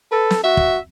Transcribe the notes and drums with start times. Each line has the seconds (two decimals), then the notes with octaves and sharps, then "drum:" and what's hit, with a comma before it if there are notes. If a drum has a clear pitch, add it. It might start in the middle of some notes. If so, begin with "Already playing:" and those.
0.12 A4 B4
0.30 drum: snare
0.44 F#4 E5
0.57 drum: kick